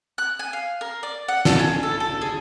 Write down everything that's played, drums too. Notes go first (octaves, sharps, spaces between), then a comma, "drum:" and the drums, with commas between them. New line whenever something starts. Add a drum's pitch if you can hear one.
F#6
G#5
F5
A#4
D5
F#5
A4, drum: snare
C#4
A4
A4
G#4